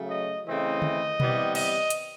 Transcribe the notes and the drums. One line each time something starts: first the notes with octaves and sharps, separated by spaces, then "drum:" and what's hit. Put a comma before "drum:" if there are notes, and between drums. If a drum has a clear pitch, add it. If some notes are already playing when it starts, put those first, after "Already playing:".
Already playing: C#3 F#3 A3
D#5
C#3 E3 A3 C4 D#5
drum: tom
C3 E3 G3 B3, drum: tom B2
D#5, drum: cymbal
drum: hi-hat